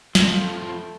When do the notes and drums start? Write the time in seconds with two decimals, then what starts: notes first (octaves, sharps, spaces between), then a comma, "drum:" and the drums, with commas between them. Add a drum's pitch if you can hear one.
0.15 F2 A2 F3 A3 F4 G5, drum: snare